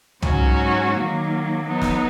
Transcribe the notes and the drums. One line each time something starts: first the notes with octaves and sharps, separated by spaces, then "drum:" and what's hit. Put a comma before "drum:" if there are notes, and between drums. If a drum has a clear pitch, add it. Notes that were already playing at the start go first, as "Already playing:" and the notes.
G#2 F#3 C#4 F#4, drum: tom C2
D#3 F#3 A#3
F#3 B3 D#4
drum: snare